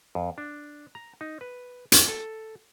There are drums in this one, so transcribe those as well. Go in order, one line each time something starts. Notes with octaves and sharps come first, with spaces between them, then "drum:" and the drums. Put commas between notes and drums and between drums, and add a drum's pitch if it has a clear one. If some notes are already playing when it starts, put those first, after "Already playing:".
F2
D4
A#5
D#4
B4
drum: hi-hat
A4